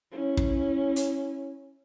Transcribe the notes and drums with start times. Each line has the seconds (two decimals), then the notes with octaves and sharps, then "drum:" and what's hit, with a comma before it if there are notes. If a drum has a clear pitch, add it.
0.12 C#4 E4
0.37 drum: kick
0.96 drum: hi-hat